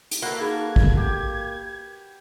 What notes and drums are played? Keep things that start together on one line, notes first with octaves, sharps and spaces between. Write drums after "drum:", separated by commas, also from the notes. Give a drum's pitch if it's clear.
drum: hi-hat
A#3 F#4 A4 B4 F#5 F#6
D#4 G#4 B5 G#6
drum: kick
G4